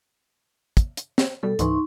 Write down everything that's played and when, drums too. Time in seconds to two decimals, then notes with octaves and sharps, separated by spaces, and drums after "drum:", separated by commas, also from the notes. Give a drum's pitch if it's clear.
0.77 drum: kick, hi-hat
0.97 drum: hi-hat
1.18 drum: snare
1.43 B2 G3 A4
1.59 C#2 G#2 E3 D#4 C6 C#6, drum: hi-hat